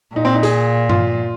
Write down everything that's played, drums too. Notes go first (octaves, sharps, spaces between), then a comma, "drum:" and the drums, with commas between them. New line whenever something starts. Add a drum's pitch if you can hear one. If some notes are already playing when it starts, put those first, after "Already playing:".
A#2 D#4
C4
D#4
G#4, drum: hi-hat
F4, drum: tom G2